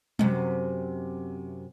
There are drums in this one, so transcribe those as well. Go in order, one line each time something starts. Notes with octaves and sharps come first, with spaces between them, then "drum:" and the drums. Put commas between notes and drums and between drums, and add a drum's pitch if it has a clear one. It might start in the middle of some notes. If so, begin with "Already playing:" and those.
F#2 C3, drum: tom G3